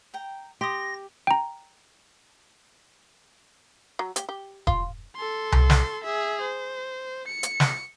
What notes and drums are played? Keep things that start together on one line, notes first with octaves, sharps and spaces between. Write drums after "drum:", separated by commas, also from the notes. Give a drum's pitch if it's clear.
G5 A#5
G4 C6 D#6 A#6
G5 A#5
F#3
G4, drum: hi-hat
G4
F4, drum: kick E1
A4 C6
drum: tom C2
drum: snare
G#4 E5
C5
C#7
drum: hi-hat
drum: snare